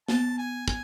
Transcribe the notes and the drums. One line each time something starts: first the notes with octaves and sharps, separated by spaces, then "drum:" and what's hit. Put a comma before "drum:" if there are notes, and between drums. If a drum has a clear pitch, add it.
B3 A5, drum: snare
G#5
G#5, drum: kick